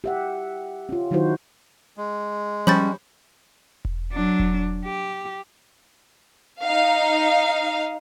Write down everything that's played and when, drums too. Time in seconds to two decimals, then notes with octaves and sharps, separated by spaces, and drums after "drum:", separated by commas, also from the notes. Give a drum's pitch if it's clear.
0.04 G4 E5 F#5
0.89 C#4 F4
1.11 D#3 F#3 D#4 E4 F#4 C5
1.97 G#3
2.67 F3 G3 C#4 B5 G6 A6
3.85 drum: kick E1
4.13 F#3 D4
4.39 drum: kick E1
4.85 G4
6.61 D#4 F5